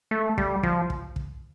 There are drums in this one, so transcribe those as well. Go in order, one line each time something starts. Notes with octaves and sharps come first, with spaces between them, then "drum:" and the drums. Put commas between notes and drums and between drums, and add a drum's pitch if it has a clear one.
A3
G3, drum: kick
F3, drum: kick
drum: kick
drum: kick